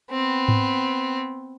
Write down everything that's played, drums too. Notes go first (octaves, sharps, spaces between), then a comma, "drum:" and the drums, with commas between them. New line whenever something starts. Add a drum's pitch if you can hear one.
B3 C4
drum: tom G#2